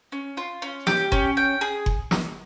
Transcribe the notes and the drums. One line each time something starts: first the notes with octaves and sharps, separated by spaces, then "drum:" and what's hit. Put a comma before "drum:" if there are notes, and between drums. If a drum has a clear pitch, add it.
C#4
F4
C#4
G4, drum: snare
C#4, drum: kick F#1
G5
G#4
drum: kick F#1
drum: snare